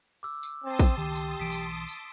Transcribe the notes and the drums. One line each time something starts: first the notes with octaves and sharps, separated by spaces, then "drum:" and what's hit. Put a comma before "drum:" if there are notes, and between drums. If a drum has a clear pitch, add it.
D6 E6
drum: tambourine
C4 A5 C6 D#6
drum: kick A#1, tambourine
C#2 D#3 G4
drum: tambourine
B1 E3 B6 D7
drum: tambourine
drum: tambourine